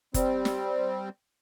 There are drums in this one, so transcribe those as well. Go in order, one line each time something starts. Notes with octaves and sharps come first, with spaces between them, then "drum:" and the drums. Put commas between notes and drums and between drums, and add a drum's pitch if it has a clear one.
G3 C4, drum: kick F#1, hi-hat
drum: snare